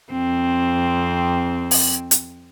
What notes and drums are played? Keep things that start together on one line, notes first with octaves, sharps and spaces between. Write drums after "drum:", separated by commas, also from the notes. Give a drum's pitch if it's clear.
F2 C4
drum: open hi-hat
drum: hi-hat